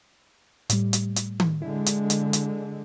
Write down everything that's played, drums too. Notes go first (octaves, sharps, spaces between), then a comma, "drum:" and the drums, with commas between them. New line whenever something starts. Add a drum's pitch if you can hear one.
A2 G3, drum: hi-hat
drum: hi-hat
drum: hi-hat
drum: tom D#3
D3 G#3 E4
drum: hi-hat
drum: hi-hat
drum: hi-hat